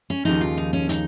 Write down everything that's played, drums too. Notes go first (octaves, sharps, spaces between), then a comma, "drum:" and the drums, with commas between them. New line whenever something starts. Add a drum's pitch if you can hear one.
C#4
D#2 C#3 F3 D#4
F4
D#4
C#4
D#4, drum: hi-hat